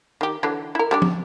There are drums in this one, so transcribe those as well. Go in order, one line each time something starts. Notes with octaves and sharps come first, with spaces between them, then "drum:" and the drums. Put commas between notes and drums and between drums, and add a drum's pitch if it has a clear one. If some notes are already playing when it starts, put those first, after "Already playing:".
D#3 G4
D3 E3 F#3
E4 A#4
G3 D4 G4
drum: tom